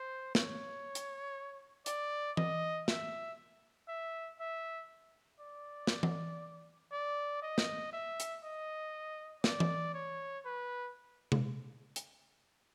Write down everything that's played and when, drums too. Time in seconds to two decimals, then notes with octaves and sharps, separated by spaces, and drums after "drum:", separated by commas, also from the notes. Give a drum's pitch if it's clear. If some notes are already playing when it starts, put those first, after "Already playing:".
Already playing: C5
0.35 C#5, drum: snare
0.95 drum: hi-hat
1.86 D5, drum: hi-hat
2.37 D#5, drum: tom E3
2.88 E5, drum: snare
3.88 E5
4.40 E5
5.40 D5
5.87 drum: snare
6.03 drum: tom E3
6.92 D5
7.42 D#5
7.58 drum: snare
7.93 E5
8.20 drum: hi-hat
8.44 D#5
9.44 D5, drum: snare
9.60 drum: tom E3
9.94 C#5
10.45 B4
11.32 drum: tom C3
11.96 drum: hi-hat